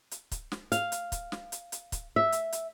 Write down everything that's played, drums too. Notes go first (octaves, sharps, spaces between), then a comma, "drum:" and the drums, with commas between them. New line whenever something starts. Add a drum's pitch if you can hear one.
drum: hi-hat
drum: kick, hi-hat
drum: snare
F5, drum: hi-hat
drum: hi-hat
drum: kick, hi-hat
drum: snare
drum: hi-hat
drum: hi-hat
drum: kick, hi-hat
E5
drum: hi-hat
drum: hi-hat